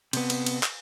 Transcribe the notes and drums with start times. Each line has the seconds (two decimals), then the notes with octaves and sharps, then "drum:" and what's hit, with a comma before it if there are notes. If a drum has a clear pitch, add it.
0.13 C3 B3, drum: cymbal
0.30 drum: cymbal
0.46 drum: cymbal
0.63 drum: clap